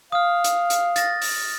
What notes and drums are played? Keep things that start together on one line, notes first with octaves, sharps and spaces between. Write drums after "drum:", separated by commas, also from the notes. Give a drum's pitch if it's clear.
F5 D#6 F6
drum: hi-hat
drum: hi-hat
A6 A#6, drum: hi-hat
drum: open hi-hat